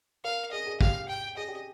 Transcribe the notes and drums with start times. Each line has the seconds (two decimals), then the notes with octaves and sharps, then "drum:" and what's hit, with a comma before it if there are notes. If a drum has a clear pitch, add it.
0.24 A#4 F5
0.52 G#4 D#5
0.67 G#4
0.81 G4 F5, drum: kick
1.09 G5
1.37 G#4 D#5
1.48 G4